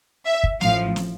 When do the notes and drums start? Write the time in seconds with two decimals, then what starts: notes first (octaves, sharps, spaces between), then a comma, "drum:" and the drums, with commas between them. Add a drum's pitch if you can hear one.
0.26 E5
0.44 drum: kick
0.61 A1 A2 F3 F5, drum: snare
0.96 drum: snare